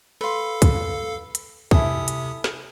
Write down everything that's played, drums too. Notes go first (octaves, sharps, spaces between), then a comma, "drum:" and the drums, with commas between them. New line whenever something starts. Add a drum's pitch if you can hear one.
A4 B4 F5 C6
drum: kick, hi-hat
drum: hi-hat
C3 E4 A4 G#5 D#6, drum: kick
drum: hi-hat
drum: snare